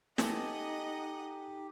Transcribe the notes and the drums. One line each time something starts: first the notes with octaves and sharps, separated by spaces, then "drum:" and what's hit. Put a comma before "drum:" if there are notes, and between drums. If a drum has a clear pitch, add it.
D#4 G4 A4 D#5 F#5 G#5 A5 D#6, drum: snare